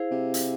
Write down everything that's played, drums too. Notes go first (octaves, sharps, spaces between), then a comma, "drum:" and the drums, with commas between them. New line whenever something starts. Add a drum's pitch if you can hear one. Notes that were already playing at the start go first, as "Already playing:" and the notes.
Already playing: E4 G#4 C5 F5
C3
drum: hi-hat